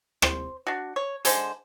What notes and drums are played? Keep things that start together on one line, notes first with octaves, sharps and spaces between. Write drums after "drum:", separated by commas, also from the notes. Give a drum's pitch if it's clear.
C5, drum: rim click
D4 F#4
C#5
D3 G#3 C5 C6, drum: hi-hat